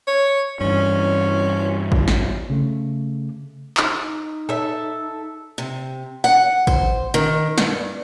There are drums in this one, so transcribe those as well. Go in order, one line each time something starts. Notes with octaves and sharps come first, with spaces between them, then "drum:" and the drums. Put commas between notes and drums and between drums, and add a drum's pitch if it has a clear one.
C#5
G2 E3 C#4
drum: kick A1
drum: snare
C#3 A3
D#4, drum: clap
A4 E5
C3
F#5
C5, drum: kick A1
D#3
G2, drum: snare